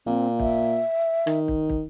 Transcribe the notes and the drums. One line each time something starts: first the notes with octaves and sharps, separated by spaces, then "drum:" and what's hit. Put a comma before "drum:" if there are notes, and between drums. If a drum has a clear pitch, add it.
A#2 C4
E5, drum: kick
D#3, drum: rim click
drum: kick
drum: kick